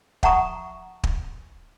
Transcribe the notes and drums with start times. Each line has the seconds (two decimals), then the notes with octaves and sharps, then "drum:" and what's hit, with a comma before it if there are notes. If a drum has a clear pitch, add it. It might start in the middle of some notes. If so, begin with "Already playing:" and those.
0.23 E5 F#5 A5 A#5 C#6 D#6, drum: kick
1.04 drum: kick